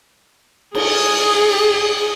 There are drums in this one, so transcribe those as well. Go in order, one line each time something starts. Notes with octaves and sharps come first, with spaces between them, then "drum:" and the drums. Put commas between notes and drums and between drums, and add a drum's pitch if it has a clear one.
G#4, drum: cymbal